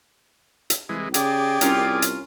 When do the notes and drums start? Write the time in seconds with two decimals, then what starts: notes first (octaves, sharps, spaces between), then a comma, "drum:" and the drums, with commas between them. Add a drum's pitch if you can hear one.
0.70 drum: hi-hat
0.89 C2 E3 G#3
1.14 C#3 G4 G#4 D5, drum: hi-hat
1.61 C2 C#4 F4 A#4, drum: hi-hat
2.02 drum: hi-hat